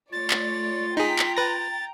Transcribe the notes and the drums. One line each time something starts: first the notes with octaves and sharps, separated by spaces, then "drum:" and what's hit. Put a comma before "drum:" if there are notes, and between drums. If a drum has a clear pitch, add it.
A3 F4 C#5 D5 A6
drum: clap
D#4 G#4 G5 A#5 B6
drum: clap
B4 A6 A#6